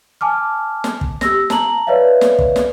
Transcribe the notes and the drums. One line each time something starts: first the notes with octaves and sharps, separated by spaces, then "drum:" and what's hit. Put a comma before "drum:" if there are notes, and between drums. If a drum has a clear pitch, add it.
G#5 A5 D6 F6
drum: snare
drum: kick
G4 E6 A#6, drum: snare
A5 A#5 F#7, drum: snare
B4 C#5 D5 E5 F5
drum: snare
drum: kick
drum: snare